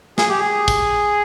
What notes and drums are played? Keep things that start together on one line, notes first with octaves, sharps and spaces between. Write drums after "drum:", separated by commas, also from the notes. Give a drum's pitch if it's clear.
G#4, drum: snare
G4
G#4
drum: kick, tambourine